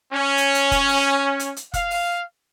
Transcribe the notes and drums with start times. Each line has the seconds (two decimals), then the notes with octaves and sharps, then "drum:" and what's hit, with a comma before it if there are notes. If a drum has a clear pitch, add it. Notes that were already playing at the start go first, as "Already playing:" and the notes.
0.14 C#4
0.37 drum: hi-hat
0.54 drum: hi-hat
0.71 drum: kick F1, hi-hat
0.88 drum: open hi-hat
1.39 drum: hi-hat
1.57 drum: hi-hat
1.74 F5, drum: kick F1, hi-hat
1.91 drum: open hi-hat